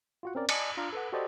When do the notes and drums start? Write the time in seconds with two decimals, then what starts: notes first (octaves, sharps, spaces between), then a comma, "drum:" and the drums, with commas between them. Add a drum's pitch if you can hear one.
0.23 F4 F#4 F#5
0.35 C4 C#4 A#4 D5
0.49 D5 D#5 G#5 A5 D#6, drum: cymbal
0.77 D4 F4 A#5 F6
0.93 A4 B4 F#5
1.12 F#4 G4 A4 C5 D5 D#5